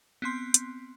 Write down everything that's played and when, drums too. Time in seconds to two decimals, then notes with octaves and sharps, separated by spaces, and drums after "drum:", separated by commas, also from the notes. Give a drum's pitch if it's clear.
0.22 B3 C4 C6
0.54 drum: hi-hat